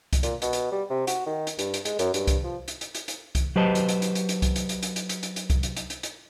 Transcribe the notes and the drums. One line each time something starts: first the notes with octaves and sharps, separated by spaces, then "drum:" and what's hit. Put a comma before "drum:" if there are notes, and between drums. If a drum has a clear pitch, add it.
drum: kick C2, hi-hat
A#2, drum: hi-hat
B2, drum: hi-hat
drum: hi-hat
G3
C3
F#4, drum: hi-hat
D#3
drum: hi-hat
G2, drum: hi-hat
drum: hi-hat
G#3, drum: hi-hat
F#2, drum: hi-hat
G2, drum: hi-hat
drum: kick C2, hi-hat
F3
drum: hi-hat
drum: hi-hat
drum: hi-hat
drum: hi-hat
drum: kick C2, hi-hat
F#3 G4 B4 C5 D#5 A5
drum: hi-hat
drum: hi-hat
drum: hi-hat
drum: hi-hat
drum: hi-hat
drum: kick C2, hi-hat
drum: hi-hat
drum: hi-hat
drum: hi-hat
drum: hi-hat
drum: hi-hat
drum: hi-hat
drum: hi-hat
drum: kick C2, hi-hat
drum: hi-hat
drum: hi-hat
drum: hi-hat
drum: hi-hat